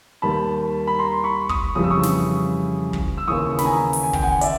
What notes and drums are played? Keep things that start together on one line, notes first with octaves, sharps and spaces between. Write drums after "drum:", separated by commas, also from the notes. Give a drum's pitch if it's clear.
D#2 D#3 G3 A5 B5
B5
A#5 C6
B5 C#6
C#6 D#6, drum: kick
F2 C#3 E3 G3 D#6
E6
C#6 D#6
drum: snare
drum: kick
E6
D#2 C#3 E3 C#6 D#6
B5, drum: snare
G#5 A#5
drum: open hi-hat
G#5
G5, drum: kick
F#5 G#5
D5 E5, drum: hi-hat